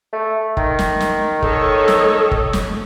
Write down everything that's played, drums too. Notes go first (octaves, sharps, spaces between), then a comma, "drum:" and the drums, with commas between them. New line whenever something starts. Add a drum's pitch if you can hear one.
A3
D#3, drum: kick
drum: snare
drum: snare
A4 C#5 D#5, drum: kick
drum: snare
drum: kick
drum: snare